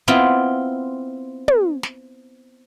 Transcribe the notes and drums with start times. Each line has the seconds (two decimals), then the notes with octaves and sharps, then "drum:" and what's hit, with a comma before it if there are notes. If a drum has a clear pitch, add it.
0.08 B3 C4 E4 F4
1.48 drum: tom
1.83 drum: snare